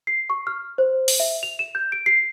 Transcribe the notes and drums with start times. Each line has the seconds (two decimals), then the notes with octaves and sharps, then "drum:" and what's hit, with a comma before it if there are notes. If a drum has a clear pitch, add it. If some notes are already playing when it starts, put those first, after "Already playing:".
0.07 C7
0.30 C#6
0.47 F6
0.78 C5
1.08 drum: open hi-hat
1.20 E5
1.43 F7
1.59 E7
1.75 G6
1.92 D7
2.06 C7